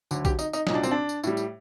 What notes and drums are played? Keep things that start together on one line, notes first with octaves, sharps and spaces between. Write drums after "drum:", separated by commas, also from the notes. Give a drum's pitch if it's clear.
D2 D3 F#3, drum: tambourine
G4, drum: kick A#1, tambourine
D#4, drum: tambourine
D#4, drum: tambourine
C2 A#2 F#3 D#4, drum: snare
D4
C4, drum: tambourine
D4
drum: tambourine
A2 G3, drum: tambourine
drum: tambourine